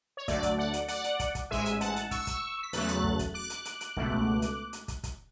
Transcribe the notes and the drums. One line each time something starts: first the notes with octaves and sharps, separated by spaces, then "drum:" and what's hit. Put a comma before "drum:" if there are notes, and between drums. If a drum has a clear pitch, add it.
C#5
D2 D3 F#3 A3 D5, drum: kick, hi-hat
drum: kick, hi-hat
D5 F#5
drum: hi-hat
D5 F#5, drum: hi-hat
drum: hi-hat
drum: kick, hi-hat
drum: kick, hi-hat
A1 G#2 G#3 E5 G#5
drum: hi-hat
F#5 A5, drum: hi-hat
drum: hi-hat
C#6 E6, drum: kick, hi-hat
drum: kick, hi-hat
B6
E2 C#3 F#3 A3 F#6 A6, drum: hi-hat
drum: hi-hat
drum: kick
drum: kick, hi-hat
D6 F#6
drum: hi-hat
drum: hi-hat
drum: hi-hat
C#2 B2 A3, drum: kick
drum: kick
drum: hi-hat
drum: hi-hat
drum: kick, hi-hat
drum: kick, hi-hat